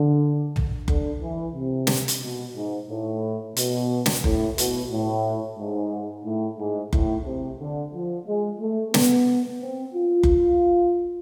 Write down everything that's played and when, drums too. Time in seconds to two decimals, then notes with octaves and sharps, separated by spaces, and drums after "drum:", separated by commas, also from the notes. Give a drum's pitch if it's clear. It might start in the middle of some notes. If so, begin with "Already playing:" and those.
Already playing: D3
0.56 drum: tom
0.88 D3, drum: kick F#1
1.21 E3
1.55 C3
1.87 drum: snare
2.08 drum: hi-hat
2.22 B2
2.56 G#2
2.90 A2
3.56 B2, drum: hi-hat
4.06 drum: snare
4.24 A2, drum: kick F#1
4.58 B2, drum: hi-hat
4.91 A2
5.58 G#2
6.26 A2
6.59 G#2
6.93 A2, drum: kick F#1
7.26 C3
7.60 D3
7.94 F3
8.27 G#3
8.60 A3
8.94 B3, drum: snare
9.61 C4
9.95 F4
10.23 drum: kick F#1